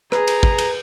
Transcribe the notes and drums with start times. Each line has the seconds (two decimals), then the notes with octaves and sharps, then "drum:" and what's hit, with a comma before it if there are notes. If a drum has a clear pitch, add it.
0.12 G#4 B4 A#5, drum: rim click
0.27 drum: cymbal
0.43 drum: kick
0.58 drum: cymbal